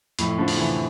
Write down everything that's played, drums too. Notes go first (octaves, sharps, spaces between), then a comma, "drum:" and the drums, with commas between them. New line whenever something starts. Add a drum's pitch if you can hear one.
F2 A2, drum: hi-hat
D3 F3
drum: open hi-hat
C3 E3